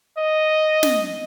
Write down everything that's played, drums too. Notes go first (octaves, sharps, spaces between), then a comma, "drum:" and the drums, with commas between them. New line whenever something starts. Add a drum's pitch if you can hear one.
D#5
drum: snare